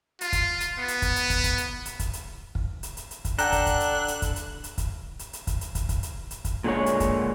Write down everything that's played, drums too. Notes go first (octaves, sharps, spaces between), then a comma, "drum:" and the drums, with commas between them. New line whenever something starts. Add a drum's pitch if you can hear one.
F4, drum: hi-hat
drum: kick, hi-hat
drum: hi-hat
B3
drum: hi-hat
drum: kick, hi-hat
drum: hi-hat
drum: kick, hi-hat
drum: kick, hi-hat
drum: hi-hat
drum: hi-hat
drum: kick, hi-hat
drum: hi-hat
drum: kick
drum: hi-hat
drum: hi-hat
drum: hi-hat
drum: kick, hi-hat
D4 A4 F#5 G5 A#5 F#6, drum: hi-hat
drum: kick, hi-hat
drum: kick, hi-hat
drum: hi-hat
drum: hi-hat
drum: kick, hi-hat
drum: hi-hat
drum: hi-hat
drum: kick, hi-hat
drum: hi-hat
drum: hi-hat
drum: kick, hi-hat
drum: hi-hat
drum: kick, hi-hat
drum: kick, hi-hat
drum: hi-hat
drum: hi-hat
drum: kick, hi-hat
A#2 D3 G#3 C#5
drum: hi-hat
drum: kick, hi-hat